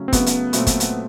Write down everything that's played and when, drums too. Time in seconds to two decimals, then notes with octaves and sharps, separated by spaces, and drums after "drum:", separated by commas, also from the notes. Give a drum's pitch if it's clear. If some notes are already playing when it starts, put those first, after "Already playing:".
Already playing: C#3 F#3 A3 C#4
0.08 C4
0.13 C#3 F#3 A3 B3 C#4, drum: kick, hi-hat
0.26 drum: hi-hat
0.53 A#2 F#3 A3 C4 F4, drum: hi-hat
0.67 drum: kick, hi-hat
0.80 drum: hi-hat